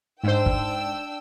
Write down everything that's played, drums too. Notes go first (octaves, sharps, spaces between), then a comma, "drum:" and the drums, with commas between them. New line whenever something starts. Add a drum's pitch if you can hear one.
G#2 D4 C5 G5 E6
drum: kick